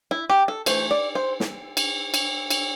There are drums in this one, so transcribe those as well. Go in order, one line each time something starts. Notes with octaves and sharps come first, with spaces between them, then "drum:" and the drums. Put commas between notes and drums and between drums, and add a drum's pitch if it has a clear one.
E4
G4
A4
E3 A3 C5, drum: cymbal
D5
C5
drum: snare
drum: cymbal
drum: cymbal
drum: cymbal